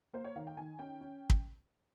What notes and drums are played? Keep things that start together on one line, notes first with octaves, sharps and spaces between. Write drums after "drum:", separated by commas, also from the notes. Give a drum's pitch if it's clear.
A#3 C5
C#5
D#3 F5
G5
D#3 G#5
C#4 G5
C#4
drum: kick